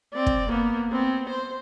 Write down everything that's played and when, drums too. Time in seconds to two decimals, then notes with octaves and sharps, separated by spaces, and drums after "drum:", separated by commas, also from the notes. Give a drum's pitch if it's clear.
0.14 C4 D5
0.26 drum: kick
0.50 A#3 B3
0.91 B3 C4
1.30 C5